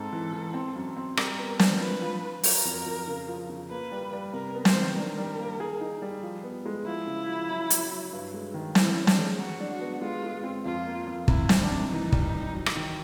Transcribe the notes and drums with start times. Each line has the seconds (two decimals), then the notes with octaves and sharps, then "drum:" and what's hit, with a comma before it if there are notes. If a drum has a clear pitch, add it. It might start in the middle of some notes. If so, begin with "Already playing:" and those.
Already playing: G#2 C4 A4
0.12 E3
0.33 E3
0.54 C4
0.76 F#2
0.96 C4
1.17 G3 A#4, drum: rim click
1.38 B3
1.59 D4, drum: snare
1.80 F3 B4
2.02 F3
2.23 F4
2.44 F#3 A#4, drum: open hi-hat
2.65 F2
2.86 F2
3.07 C#3
3.28 F3
3.49 C#3
3.70 A#3 B4
3.91 G3
4.13 G3
4.33 C3 A#4
4.55 B3
4.65 C5, drum: snare
4.76 D#3
4.96 D4 A#4
5.18 G3
5.39 A#3
5.60 G#4
5.81 D#4
6.02 G3
6.23 F3
6.44 B3
6.65 G#3
6.86 F3 E4
7.07 C#3
7.28 F3
7.49 F#3
7.70 F#3, drum: hi-hat
7.91 F#3
8.12 G2
8.34 G#3
8.54 D#3
8.75 E3 E4, drum: snare
8.97 C#4
9.07 D4, drum: snare
9.18 G#3
9.39 F#3 F#4
9.60 D4
9.70 F#4
9.81 B3
10.02 G#3 F4
10.23 G#3
10.44 C4
10.65 F2 F4
10.86 A#3
11.07 F2
11.28 C3 E4, drum: kick
11.49 D#3, drum: snare
11.60 D4
11.71 C3
11.91 E3 D#4
12.12 G3, drum: kick
12.34 E3
12.55 F#3
12.66 drum: rim click
12.76 D#3